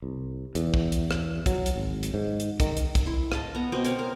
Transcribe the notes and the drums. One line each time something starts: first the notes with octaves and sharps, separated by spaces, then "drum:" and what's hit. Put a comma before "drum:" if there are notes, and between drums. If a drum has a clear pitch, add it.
C2
E2, drum: hi-hat
drum: kick
drum: hi-hat
drum: rim click
F#3, drum: kick, hi-hat
drum: hi-hat
G#1
drum: hi-hat
G#2
drum: hi-hat
D#3, drum: kick, hi-hat
drum: hi-hat
drum: kick, hi-hat
E4 C6
D#5 A5, drum: rim click
B3 A#5
B2 C4 D#5 D6
C4 A#4 C#5, drum: hi-hat
A#4